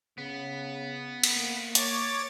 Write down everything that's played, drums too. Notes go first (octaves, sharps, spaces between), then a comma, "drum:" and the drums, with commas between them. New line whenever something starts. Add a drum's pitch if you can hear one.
C#3 B3
drum: cymbal
A#3
C#5 D6 A6, drum: hi-hat